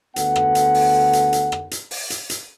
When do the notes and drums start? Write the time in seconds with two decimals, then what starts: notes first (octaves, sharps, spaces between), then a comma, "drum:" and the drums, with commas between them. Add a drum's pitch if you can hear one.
0.16 D2 B3 A4 F#5, drum: hi-hat
0.36 drum: rim click
0.55 drum: hi-hat
0.74 drum: open hi-hat
1.13 drum: hi-hat
1.33 drum: hi-hat
1.52 drum: rim click
1.71 drum: hi-hat
1.91 drum: open hi-hat
2.10 drum: hi-hat
2.30 drum: hi-hat